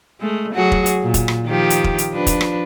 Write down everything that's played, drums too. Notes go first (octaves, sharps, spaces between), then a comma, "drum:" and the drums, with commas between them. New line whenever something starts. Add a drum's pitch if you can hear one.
G#3 A3
F#3 F#4 G#4
drum: kick
drum: hi-hat
A#2
drum: kick, hi-hat
drum: rim click
D#3 F3 G4
drum: hi-hat
drum: kick
drum: hi-hat
F3 D4 B4
drum: kick, hi-hat
drum: rim click